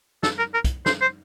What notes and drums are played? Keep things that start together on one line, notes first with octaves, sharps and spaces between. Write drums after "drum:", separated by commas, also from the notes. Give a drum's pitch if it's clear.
A4, drum: snare
A#4
A#4
drum: kick, hi-hat
C5, drum: snare
C5